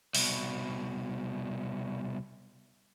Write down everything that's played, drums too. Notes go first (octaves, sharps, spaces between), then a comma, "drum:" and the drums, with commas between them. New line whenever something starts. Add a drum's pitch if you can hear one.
C2 B2, drum: open hi-hat